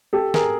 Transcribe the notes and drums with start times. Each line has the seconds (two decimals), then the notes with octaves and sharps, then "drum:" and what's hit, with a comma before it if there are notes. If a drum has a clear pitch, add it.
0.13 G4 A4
0.34 G#4 A#4, drum: snare